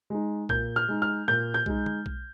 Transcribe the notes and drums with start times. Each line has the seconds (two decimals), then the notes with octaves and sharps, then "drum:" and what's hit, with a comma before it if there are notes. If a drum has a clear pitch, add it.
0.10 G#3 D#4
0.49 A#2 G6, drum: kick B1
0.76 F6
0.88 G#3 D#4
1.02 F6
1.28 A#2 G6
1.54 G6
1.66 G#3 D#4, drum: kick B1
1.86 drum: tom
2.06 drum: kick B1